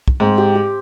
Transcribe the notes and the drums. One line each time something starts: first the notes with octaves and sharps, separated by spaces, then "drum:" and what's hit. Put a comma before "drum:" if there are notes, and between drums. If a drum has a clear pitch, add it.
drum: kick
G#2 C4
G4
G4